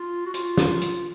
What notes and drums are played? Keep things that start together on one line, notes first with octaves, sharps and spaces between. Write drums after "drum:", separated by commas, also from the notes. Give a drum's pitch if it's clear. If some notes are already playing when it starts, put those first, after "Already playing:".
Already playing: F4
F#4
F4, drum: hi-hat
drum: snare
drum: hi-hat